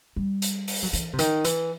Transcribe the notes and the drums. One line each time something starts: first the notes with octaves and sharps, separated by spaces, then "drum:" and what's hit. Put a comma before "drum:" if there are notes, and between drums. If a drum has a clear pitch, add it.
G3
drum: hi-hat
drum: open hi-hat
F#3
E3, drum: hi-hat
C3
D#3, drum: hi-hat
E3, drum: hi-hat